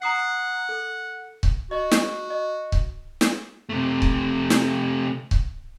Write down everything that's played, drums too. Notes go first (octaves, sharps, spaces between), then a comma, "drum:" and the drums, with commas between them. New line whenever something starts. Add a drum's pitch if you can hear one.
F#5 A#5 D#6 C7
A4
drum: kick C#1
F#4 D#5
drum: snare
D#5
drum: kick C#1
drum: snare
C3 A3
drum: kick C#1
drum: snare
drum: kick C#1